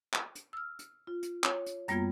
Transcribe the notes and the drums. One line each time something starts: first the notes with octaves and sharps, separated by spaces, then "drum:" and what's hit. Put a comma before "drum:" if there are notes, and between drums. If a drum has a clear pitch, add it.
drum: clap
drum: hi-hat
E6 F6
drum: hi-hat
F4
drum: hi-hat
C#5, drum: clap
drum: hi-hat
F#2 G3 A#3 B3 F4 G#6, drum: hi-hat